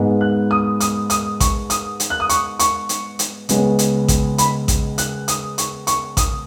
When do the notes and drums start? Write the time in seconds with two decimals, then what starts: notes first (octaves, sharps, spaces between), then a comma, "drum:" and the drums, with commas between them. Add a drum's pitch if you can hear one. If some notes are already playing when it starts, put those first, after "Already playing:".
Already playing: G#2 G#3 B3
0.21 F#6
0.51 D#6
0.80 D#6, drum: hi-hat
1.10 D#6, drum: hi-hat
1.40 C#6, drum: kick A1, hi-hat
1.70 D#6, drum: hi-hat
2.00 drum: hi-hat
2.10 F#6
2.20 D#6
2.29 C#6, drum: hi-hat
2.59 C#6, drum: hi-hat
2.89 drum: hi-hat
3.19 drum: hi-hat
3.49 C#2 C#3 G#3 B3, drum: hi-hat
3.79 drum: hi-hat
4.08 drum: kick A1, hi-hat
4.38 B5, drum: hi-hat
4.68 drum: kick A1, hi-hat
4.98 F#6, drum: hi-hat
5.28 D#6, drum: hi-hat
5.58 C#6, drum: hi-hat
5.87 C#6, drum: hi-hat
6.17 D#6, drum: kick A1, hi-hat